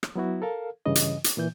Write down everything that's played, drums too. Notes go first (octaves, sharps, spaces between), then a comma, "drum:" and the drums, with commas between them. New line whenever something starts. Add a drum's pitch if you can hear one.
drum: rim click
F#3 B3 E4 F#4
A4 A#4 F5
G2 C#3 E3 D#5
drum: hi-hat
drum: hi-hat
A#2 E3 G6